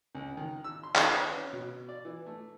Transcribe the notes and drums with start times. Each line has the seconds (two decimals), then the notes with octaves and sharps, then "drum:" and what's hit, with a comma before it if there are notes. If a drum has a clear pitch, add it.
0.15 C#2
0.37 D#3
0.64 E6
0.83 C6
0.95 D#3, drum: clap
1.12 B4
1.29 C#4
1.53 B2
1.89 D5
2.05 E3
2.26 A3